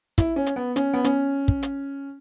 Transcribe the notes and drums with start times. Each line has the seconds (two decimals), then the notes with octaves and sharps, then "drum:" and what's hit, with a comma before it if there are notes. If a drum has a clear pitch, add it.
0.18 E4, drum: kick, hi-hat
0.36 C#4
0.46 drum: hi-hat
0.56 B3
0.76 C#4, drum: hi-hat
0.93 B3
1.04 C#4, drum: hi-hat
1.48 drum: kick
1.63 drum: hi-hat